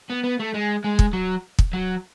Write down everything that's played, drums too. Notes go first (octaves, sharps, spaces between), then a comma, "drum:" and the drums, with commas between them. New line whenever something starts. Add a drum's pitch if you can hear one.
B3
B3
A3
G#3
G#3
drum: kick
F#3
drum: kick
F#3